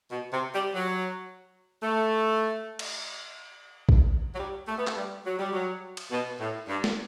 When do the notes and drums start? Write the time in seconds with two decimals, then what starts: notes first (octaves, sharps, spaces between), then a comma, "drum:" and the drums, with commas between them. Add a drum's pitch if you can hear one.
0.12 B2
0.33 C3
0.54 G3
0.75 F#3
1.83 A3
2.79 drum: cymbal
3.89 drum: kick A#1
4.35 F#3
4.40 G3
4.68 A3
4.78 B3
4.87 A3, drum: clap
4.97 G3
5.25 F#3
5.39 G3
5.53 F#3
5.97 drum: cymbal
6.11 B2
6.40 A2
6.68 G2
6.84 drum: snare